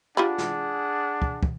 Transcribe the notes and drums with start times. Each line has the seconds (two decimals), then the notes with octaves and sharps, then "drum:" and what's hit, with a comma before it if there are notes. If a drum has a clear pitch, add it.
0.17 D4 F4 G4 G#4 F#5 B5
0.38 drum: snare
1.22 drum: kick
1.43 drum: kick